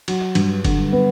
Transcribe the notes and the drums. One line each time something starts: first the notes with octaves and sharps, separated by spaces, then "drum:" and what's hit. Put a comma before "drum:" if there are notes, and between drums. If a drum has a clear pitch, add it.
F#3, drum: cymbal
G2, drum: cymbal
D3, drum: kick F#1, cymbal
B3